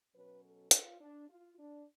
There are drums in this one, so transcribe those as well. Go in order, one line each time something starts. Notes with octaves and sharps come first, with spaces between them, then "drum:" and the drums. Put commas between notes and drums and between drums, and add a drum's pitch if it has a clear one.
B2 F#3 C#4 B4
A4
F4, drum: hi-hat
D4
F4
D4